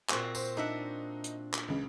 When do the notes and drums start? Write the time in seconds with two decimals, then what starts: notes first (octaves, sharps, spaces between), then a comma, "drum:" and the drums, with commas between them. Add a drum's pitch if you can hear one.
0.10 A#2 C4 F#4, drum: clap
0.35 C5, drum: tambourine
0.57 D4 D#4 E5 F#5
1.24 drum: hi-hat
1.54 drum: clap
1.68 C#2 C#3